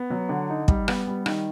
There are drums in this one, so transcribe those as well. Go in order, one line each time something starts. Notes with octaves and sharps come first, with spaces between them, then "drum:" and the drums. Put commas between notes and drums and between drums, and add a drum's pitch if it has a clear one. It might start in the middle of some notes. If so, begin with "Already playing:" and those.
Already playing: B3
F#3
D3
D#4
G3, drum: kick
B3, drum: rim click
G3
D#3, drum: rim click